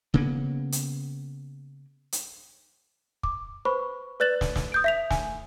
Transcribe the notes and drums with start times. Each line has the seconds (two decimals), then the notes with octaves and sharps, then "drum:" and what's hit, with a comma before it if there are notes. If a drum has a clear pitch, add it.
0.14 C#3 A#3 B3, drum: kick
0.72 drum: hi-hat
2.12 drum: hi-hat
3.23 D6, drum: kick
3.65 B4 C5 B5 C#6
4.20 B4 D5 F#6 A6 E7 F#7
4.41 drum: snare
4.56 drum: snare
4.72 D#6 G6 D7
4.84 E5 B6 F7
5.10 G#5, drum: snare